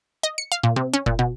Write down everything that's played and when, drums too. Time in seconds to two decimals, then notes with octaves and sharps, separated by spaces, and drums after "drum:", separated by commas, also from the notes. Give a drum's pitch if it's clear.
0.23 D#5
0.38 C#7
0.52 F5
0.63 A#2
0.76 C3
0.94 C#4
1.06 A#2, drum: kick F#1
1.19 B2